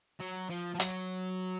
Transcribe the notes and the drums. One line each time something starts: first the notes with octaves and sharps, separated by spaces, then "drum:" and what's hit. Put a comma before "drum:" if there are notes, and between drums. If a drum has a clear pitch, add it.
F#3
F3
F3
F#3, drum: hi-hat